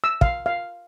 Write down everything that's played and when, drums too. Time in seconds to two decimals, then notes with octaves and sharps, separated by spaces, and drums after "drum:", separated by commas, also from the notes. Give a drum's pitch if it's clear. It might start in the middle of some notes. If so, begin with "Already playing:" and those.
0.04 E6
0.21 F5, drum: kick
0.46 F5